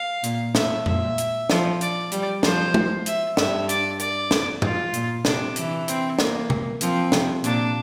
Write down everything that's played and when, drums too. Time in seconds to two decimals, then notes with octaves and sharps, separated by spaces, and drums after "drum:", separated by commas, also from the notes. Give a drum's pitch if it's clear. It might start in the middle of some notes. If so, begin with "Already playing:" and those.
Already playing: F5
0.23 A#2, drum: hi-hat
0.55 A2 E5, drum: snare
0.86 A#2 E5, drum: tom F2
1.18 drum: hi-hat
1.50 F3, drum: snare
1.81 D5, drum: hi-hat
2.12 G3, drum: hi-hat
2.43 F3 C5, drum: snare
2.74 drum: tom
3.06 E5, drum: hi-hat
3.37 G2 E5, drum: snare
3.69 D5, drum: hi-hat
3.99 D5, drum: hi-hat
4.31 drum: snare
4.62 F4, drum: tom
4.93 A#2, drum: hi-hat
5.25 C3 D4, drum: snare
5.56 E3, drum: hi-hat
5.88 C4, drum: hi-hat
6.19 A#3, drum: snare
6.50 drum: tom
6.81 F3 C4, drum: hi-hat
7.12 C3, drum: snare
7.44 A#2 D4, drum: hi-hat